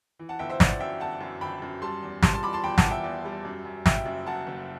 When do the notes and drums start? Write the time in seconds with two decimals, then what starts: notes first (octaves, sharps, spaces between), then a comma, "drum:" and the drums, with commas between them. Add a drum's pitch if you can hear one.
0.19 E3
0.29 F#5 A5
0.39 G1 E5 G5
0.50 C5 E5
0.60 G1 D5 F#5, drum: snare
0.80 F#2 E5 G5
1.00 G1 F#5 A5
1.21 F#2
1.41 G1 G5 B5
1.62 F#2
1.82 G3 A5 C6
2.02 E2
2.22 G3 A5 C6, drum: snare
2.34 A5 C6
2.43 E2 B5 D6
2.53 A5 C6
2.64 E2 G5 B5
2.78 F#5 A5, drum: snare
2.84 E2
2.91 E5 G5
3.04 E2
3.25 G3
3.45 F#2
3.65 F#2
3.86 F#1 E5 G5, drum: snare
4.06 F#2
4.26 F#2 F#5 A5
4.47 F#1